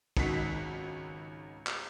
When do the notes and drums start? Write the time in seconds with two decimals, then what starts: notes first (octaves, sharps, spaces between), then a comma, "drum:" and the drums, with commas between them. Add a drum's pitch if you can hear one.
0.17 G#1 C#2 D#3 F#3 F#4 B6, drum: kick
1.67 drum: clap